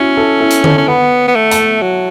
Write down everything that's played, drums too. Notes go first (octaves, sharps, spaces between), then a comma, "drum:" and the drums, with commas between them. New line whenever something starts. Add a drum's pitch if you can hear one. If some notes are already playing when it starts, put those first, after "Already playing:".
Already playing: C#4 E4 F#4
E4 A4
E4 A4
drum: hi-hat
A4 C#5, drum: tom D3
C#4
B3 F#5 B5
B3
A3
E5 A5, drum: hi-hat
F#3